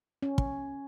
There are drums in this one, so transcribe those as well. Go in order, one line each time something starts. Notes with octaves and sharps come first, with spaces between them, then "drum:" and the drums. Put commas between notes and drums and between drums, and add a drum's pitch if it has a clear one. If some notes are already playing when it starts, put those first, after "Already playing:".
C#4
drum: kick